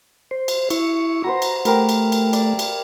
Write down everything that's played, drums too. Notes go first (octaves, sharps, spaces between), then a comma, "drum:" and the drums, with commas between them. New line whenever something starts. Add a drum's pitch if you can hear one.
C5
drum: cymbal
E4 C#6, drum: cymbal
F#4 B4 C5 A#5
drum: cymbal
A3 G4 A#4 B4, drum: cymbal
drum: cymbal
drum: cymbal
D5, drum: cymbal
drum: cymbal